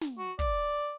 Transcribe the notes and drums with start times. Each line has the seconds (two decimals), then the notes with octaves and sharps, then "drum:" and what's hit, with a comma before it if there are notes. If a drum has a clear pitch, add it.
0.01 drum: snare
0.18 F#4
0.39 D5, drum: kick